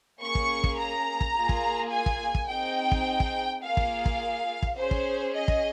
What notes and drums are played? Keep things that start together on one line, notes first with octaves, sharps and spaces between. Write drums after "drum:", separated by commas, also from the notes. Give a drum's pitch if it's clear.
A#3 C#4 G#4 C#6
drum: kick
drum: kick
A#5
drum: kick
A#3 F4 G#4
drum: kick
G#5
drum: kick
drum: kick
C4 D#4 G#4 G5
drum: kick
drum: kick
A#3 F4 G#4 F5
drum: kick
drum: kick
drum: kick
C#4 G#4 C5
drum: kick
D#5
drum: kick